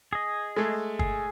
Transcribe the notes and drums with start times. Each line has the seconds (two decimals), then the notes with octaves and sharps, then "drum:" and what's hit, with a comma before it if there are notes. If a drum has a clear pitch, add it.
0.13 G#4 D#5
0.56 G#3 A3
0.99 G#4, drum: kick